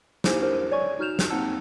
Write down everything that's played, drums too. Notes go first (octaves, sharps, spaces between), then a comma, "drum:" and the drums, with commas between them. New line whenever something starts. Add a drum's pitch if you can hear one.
A#3 D#4 E4 G4 C5 G#5, drum: snare
D4 E4 G4 A#4 C5
C#5 D5 G#5 C#6 G#6
D#4 F#4 F6 G6 E7 F7
drum: snare
A#3 C4 D#4 F#5 A5 E6